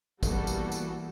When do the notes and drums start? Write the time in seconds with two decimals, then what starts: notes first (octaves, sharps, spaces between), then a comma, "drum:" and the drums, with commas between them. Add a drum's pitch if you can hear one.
0.23 E3 G3 A#3 B3 F#4 A4, drum: kick, tambourine
0.47 drum: tambourine
0.72 drum: tambourine